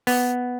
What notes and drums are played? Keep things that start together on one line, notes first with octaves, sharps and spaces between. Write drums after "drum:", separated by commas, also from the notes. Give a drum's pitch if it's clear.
B3, drum: open hi-hat